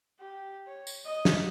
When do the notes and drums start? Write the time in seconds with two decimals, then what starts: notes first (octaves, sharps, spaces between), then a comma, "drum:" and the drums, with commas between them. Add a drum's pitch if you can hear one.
0.20 G4
0.68 C#5
0.87 drum: tambourine
1.06 D#5
1.25 drum: snare